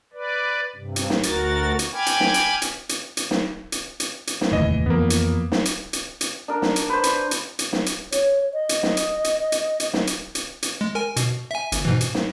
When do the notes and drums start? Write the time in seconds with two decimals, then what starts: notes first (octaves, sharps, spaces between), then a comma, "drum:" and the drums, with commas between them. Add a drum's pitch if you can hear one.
0.13 B4 D5
0.75 G2 C3
0.96 drum: hi-hat
1.10 drum: snare
1.23 D2 F#4 A#4 A6, drum: hi-hat
1.79 drum: hi-hat
1.93 G5 G#5 B5 D6 F6 G#6
2.06 drum: hi-hat
2.20 drum: snare
2.34 drum: hi-hat
2.62 drum: hi-hat
2.89 drum: hi-hat
3.17 drum: hi-hat
3.31 drum: snare
3.72 drum: hi-hat
4.00 drum: hi-hat
4.27 drum: hi-hat
4.41 drum: snare
4.51 F1 D#2 A2 E3 D#5
4.86 F2 E3 F3 A#3 B3
5.10 drum: hi-hat
5.52 drum: snare
5.65 drum: hi-hat
5.93 drum: hi-hat
6.21 drum: hi-hat
6.48 D4 A#4
6.62 drum: snare
6.76 drum: hi-hat
6.89 B4 C5
7.04 drum: hi-hat
7.31 drum: hi-hat
7.59 drum: hi-hat
7.73 drum: snare
7.86 drum: hi-hat
8.12 C#5, drum: hi-hat
8.54 D#5
8.69 drum: hi-hat
8.83 drum: snare
8.97 drum: hi-hat
9.24 drum: hi-hat
9.52 drum: hi-hat
9.80 drum: hi-hat
9.93 drum: snare
10.07 drum: hi-hat
10.35 drum: hi-hat
10.63 drum: hi-hat
10.81 G#3
10.95 A#4 G#5
11.16 B2, drum: hi-hat
11.51 E5 G#5
11.72 G1, drum: hi-hat
11.85 G#2 B2 E3
12.01 drum: hi-hat
12.14 drum: snare